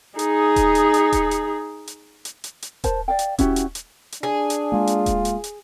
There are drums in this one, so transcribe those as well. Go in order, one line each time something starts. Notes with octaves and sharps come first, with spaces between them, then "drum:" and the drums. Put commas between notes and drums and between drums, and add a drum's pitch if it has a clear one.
D#4 G#4, drum: hi-hat
drum: kick D#1, hi-hat
drum: hi-hat
drum: hi-hat
drum: kick D#1, hi-hat
drum: hi-hat
drum: hi-hat
drum: hi-hat
drum: hi-hat
drum: hi-hat
A#4 C5 A5, drum: kick D#1, hi-hat
D5 F5 G5
drum: hi-hat
C#4 E4 F#4 G4, drum: kick D#1, hi-hat
drum: hi-hat
drum: hi-hat
drum: hi-hat
D4 G#4
drum: hi-hat
G#3 A#3 F4
drum: hi-hat
drum: kick D#1, hi-hat
drum: hi-hat
drum: hi-hat